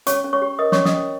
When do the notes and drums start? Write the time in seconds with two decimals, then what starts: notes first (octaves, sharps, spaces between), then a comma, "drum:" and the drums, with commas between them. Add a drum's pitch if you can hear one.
0.07 C#4 C#5 C#6, drum: hi-hat
0.24 C#4
0.33 C#5 C#6
0.42 G4
0.59 A#4 D#5 D#6
0.72 C#5 C#6, drum: snare
0.76 C#4
0.85 D#5 D#6, drum: snare
0.94 C#4